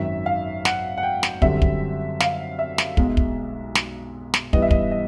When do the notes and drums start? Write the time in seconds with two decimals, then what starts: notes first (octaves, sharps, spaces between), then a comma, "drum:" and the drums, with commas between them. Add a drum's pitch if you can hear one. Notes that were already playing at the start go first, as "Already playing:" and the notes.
Already playing: G#1 F#2 D#3 E5
0.26 F5
0.65 F#5, drum: snare
0.98 F#5
1.03 G5
1.23 drum: snare
1.42 F#2 D3 G3 C4 E5, drum: kick
1.62 drum: kick
2.20 F5, drum: snare
2.59 E5
2.78 drum: snare
2.97 B1 B2 G#3, drum: kick
3.17 drum: kick
3.75 drum: snare
4.34 drum: snare
4.53 G2 E3 G3 B3 D#5, drum: kick
4.62 E5
4.71 D#5, drum: kick
4.91 D#5